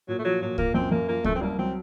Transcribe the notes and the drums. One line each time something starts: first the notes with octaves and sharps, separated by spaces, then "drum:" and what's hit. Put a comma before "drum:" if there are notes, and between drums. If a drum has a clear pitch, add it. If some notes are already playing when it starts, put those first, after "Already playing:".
A#2 F#3
A3
F3 F#3
A#2 F#3
A#2 A#3, drum: kick C#2
F#2 C4
F#2 A#3
F3 A#3
F#2 A3, drum: kick C#2
C4
C2 A#3
F#3 C4